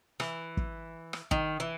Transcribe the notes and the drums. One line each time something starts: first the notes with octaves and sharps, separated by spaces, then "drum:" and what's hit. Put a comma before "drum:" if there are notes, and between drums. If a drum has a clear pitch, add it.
E3, drum: rim click
drum: kick
drum: rim click
D#3, drum: kick
E3